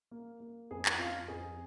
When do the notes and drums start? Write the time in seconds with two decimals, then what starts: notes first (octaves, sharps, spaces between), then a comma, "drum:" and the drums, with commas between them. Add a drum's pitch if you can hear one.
0.11 A#3
0.40 A#3
0.71 F2 G#4
0.86 drum: clap
0.99 F2 F4
1.28 F2 G#4